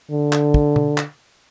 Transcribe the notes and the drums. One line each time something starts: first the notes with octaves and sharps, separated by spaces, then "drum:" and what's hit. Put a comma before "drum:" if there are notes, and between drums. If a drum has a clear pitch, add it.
D3
drum: clap
drum: kick
drum: tom B2
drum: clap